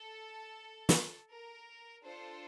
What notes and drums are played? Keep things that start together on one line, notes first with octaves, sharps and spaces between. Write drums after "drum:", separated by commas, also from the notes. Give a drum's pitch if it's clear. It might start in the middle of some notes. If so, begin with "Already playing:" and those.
Already playing: A4
drum: snare
A#4
D4 F4 A4 C5